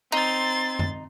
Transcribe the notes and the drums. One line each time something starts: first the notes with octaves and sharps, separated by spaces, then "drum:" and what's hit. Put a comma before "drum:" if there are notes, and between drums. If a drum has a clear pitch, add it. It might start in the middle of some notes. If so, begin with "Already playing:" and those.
C4 D#4 A#5 C6 A6
drum: tom F#2